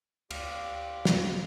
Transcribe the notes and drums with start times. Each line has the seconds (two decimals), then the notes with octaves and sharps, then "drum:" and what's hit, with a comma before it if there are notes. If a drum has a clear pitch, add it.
0.31 D2 G4 D5 F5 C6, drum: cymbal
1.05 drum: snare